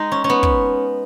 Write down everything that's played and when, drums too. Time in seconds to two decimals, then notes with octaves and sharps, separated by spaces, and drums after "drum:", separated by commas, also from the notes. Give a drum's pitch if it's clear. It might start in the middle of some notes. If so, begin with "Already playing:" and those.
Already playing: G#3 D#4
0.12 C#4
0.24 C#4
0.30 B3
0.43 drum: kick